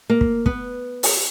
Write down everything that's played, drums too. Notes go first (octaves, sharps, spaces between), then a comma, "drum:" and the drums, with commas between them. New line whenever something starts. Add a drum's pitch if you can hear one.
A#3
drum: kick
B3, drum: kick
drum: open hi-hat